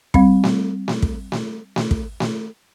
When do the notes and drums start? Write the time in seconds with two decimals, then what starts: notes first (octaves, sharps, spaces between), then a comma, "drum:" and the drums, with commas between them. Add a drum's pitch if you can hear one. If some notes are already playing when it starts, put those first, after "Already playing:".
0.14 G3 C4, drum: kick
0.44 drum: snare A3
0.88 drum: snare A3
1.02 drum: kick
1.32 drum: snare A3
1.76 drum: snare A3
1.91 drum: kick
2.20 drum: snare A3